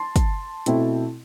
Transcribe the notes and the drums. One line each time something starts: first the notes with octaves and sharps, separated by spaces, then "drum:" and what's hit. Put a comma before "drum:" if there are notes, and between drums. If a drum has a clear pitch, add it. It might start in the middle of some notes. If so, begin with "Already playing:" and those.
Already playing: A5 C6
drum: kick, hi-hat
B2 A3 C4 E4, drum: hi-hat